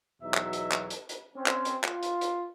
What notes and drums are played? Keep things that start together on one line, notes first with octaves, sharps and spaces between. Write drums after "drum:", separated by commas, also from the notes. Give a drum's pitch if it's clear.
E2 B2 F#3 D#4 E5
drum: clap
drum: hi-hat
drum: clap
drum: hi-hat
drum: hi-hat
C4 C#4
drum: clap
drum: hi-hat
F4, drum: clap
drum: hi-hat
drum: hi-hat